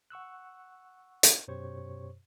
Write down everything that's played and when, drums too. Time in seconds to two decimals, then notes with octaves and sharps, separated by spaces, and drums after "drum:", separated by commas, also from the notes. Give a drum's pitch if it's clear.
0.10 F#5 C#6 E6 F#6
1.23 drum: hi-hat
1.48 F#2 B2 G4 C5 C#5 C#6